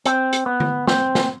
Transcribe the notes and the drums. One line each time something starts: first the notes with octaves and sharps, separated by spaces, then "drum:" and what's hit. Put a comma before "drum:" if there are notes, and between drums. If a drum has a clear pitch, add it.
C4, drum: hi-hat
drum: hi-hat
B3
drum: tom D3
C4, drum: snare
drum: snare